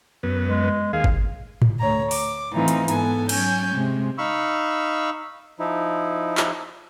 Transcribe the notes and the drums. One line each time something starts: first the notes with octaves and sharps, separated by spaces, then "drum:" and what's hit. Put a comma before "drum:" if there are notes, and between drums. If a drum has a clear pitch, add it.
F#2 B3
G#3
D#2 G#4 F5
drum: kick G1
drum: tom G#2
D2 C#5 A#5
D6, drum: open hi-hat
A2 E3 C4 D#4 F4
drum: hi-hat
G#2 B3 A4 G#5, drum: hi-hat
F#3 C#4 G#5 G6, drum: cymbal
C3 G#3
D#4 F5 B5 C#6 E6
F3 D#4 E4
drum: clap